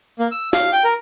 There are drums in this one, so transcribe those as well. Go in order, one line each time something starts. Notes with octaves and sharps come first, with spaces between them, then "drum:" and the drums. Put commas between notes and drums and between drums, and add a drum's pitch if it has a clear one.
A#3
E6
F5, drum: snare
G5
A#4